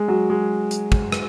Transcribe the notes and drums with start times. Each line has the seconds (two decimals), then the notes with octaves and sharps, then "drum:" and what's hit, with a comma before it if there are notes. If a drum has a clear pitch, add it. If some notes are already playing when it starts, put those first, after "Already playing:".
Already playing: G#3
0.08 F#3
0.30 G#3
0.71 drum: hi-hat
0.92 drum: kick
1.12 drum: rim click